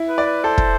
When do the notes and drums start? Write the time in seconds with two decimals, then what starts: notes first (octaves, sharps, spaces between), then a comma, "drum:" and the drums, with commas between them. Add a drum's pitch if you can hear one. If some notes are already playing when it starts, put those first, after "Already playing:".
Already playing: E4
0.09 B4
0.18 D5
0.26 B4
0.44 A4 C5
0.58 drum: kick